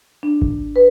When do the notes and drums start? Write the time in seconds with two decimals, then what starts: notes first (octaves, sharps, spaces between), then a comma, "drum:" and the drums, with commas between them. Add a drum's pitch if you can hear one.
0.23 D4
0.42 drum: kick G#1
0.76 B4